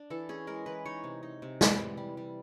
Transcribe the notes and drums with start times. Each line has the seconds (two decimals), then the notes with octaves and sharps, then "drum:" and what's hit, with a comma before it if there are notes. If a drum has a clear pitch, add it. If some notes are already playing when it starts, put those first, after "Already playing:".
Already playing: D4
0.10 E3 A4
0.29 C#4 G#4
0.47 G#3 A#4
0.66 E3 B4
0.86 D#4 C#5
1.04 C3
1.23 D#4
1.42 C3
1.61 E3, drum: snare
1.79 G3
1.97 G3
2.17 G3